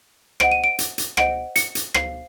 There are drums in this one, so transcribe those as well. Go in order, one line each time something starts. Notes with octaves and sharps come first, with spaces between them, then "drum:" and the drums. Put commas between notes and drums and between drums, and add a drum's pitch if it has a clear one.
C5 D#5 F#5 D7, drum: rim click
D#7
D7
drum: hi-hat
drum: hi-hat
C5 D#5 F#5 D7, drum: rim click
C#7, drum: hi-hat
drum: hi-hat
C5 F5 C7, drum: rim click